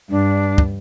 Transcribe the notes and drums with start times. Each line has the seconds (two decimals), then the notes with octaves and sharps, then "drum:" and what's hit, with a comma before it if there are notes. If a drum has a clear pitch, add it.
0.10 G2 D4
0.58 drum: kick